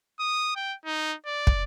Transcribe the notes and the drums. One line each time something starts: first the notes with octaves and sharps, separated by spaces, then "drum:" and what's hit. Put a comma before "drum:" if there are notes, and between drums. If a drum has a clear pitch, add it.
D#6
G5
D#4
D5
drum: kick